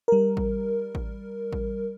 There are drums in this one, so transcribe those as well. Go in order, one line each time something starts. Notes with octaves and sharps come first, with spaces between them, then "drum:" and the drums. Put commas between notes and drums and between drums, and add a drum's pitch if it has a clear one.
G3 A#4
drum: kick A1
drum: kick A1
drum: kick A1